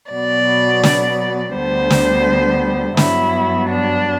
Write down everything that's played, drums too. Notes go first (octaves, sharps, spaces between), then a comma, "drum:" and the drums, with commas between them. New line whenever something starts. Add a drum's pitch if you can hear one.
B2 F#3 B3 D5
drum: snare
D2 D3 G3 B3 C5
drum: snare
G2 F#3 B3 E4, drum: snare
D4